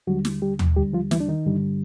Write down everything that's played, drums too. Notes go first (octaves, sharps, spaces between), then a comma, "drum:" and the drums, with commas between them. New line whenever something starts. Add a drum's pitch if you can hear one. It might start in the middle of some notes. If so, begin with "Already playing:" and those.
D#2 D3 F#3 G3 F#4
drum: snare
G3 G4
drum: tom D#2
D#2 D3 G3 G4
F3 F4
E3 E4, drum: snare
D4
D#3 D#4
G2 D3 G3